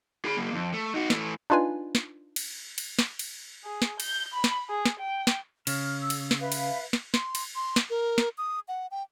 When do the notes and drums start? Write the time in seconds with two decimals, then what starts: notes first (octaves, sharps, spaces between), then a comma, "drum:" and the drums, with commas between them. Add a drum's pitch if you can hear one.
0.25 G#4 B5
0.37 F#3 A#3
0.53 F2
0.73 A3
0.94 D#4 F#4
1.10 E3 A3, drum: snare
1.50 D4 D#4 F4 B4 G#5
1.95 drum: snare
2.36 drum: cymbal
2.78 drum: cymbal
2.99 drum: snare
3.19 drum: cymbal
3.64 G#4
3.82 drum: snare
4.00 G6, drum: cymbal
4.34 B5
4.44 drum: snare
4.69 G#4
4.86 drum: snare
4.99 G5
5.27 drum: snare
5.67 C#3 F6, drum: cymbal
6.01 E6
6.10 drum: cymbal
6.31 drum: snare
6.40 B4 E5 F5
6.52 drum: cymbal
6.93 drum: snare
7.14 C6, drum: snare
7.35 drum: cymbal
7.56 C6
7.76 drum: snare
7.90 A#4
8.18 drum: snare
8.38 D#6
8.68 F#5
8.91 G5